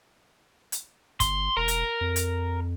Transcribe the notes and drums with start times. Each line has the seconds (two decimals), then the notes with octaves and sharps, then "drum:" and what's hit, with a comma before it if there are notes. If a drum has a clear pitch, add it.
0.72 drum: hi-hat
1.20 G1 C6, drum: kick, hi-hat
1.57 E1 A#4
1.68 drum: hi-hat
2.01 F2
2.16 drum: hi-hat